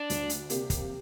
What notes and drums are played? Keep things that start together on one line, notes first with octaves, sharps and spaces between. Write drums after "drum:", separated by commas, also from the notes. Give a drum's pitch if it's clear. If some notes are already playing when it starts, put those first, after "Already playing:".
Already playing: D4
D2, drum: hi-hat
drum: hi-hat
C3 A#3 G4, drum: hi-hat
drum: kick, hi-hat